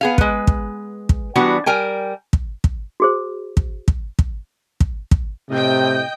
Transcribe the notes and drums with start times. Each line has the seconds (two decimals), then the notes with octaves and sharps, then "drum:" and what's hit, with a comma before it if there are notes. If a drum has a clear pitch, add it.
0.01 B3 G#4 F5
0.18 G#3 B4, drum: kick
0.47 drum: kick
1.09 drum: kick
1.36 E3 G3 B3 D4 F#4
1.66 G3 A#4 G5 G#5
2.33 drum: kick
2.64 drum: kick
3.00 F#4 G#4 C5
3.57 drum: kick
3.88 drum: kick
4.19 drum: kick
4.80 drum: kick
5.11 drum: kick
5.50 A2 C3 D#5 G5